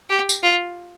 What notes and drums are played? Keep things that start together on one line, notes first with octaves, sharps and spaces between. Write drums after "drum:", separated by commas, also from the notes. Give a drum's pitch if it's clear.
G4
drum: tambourine
F4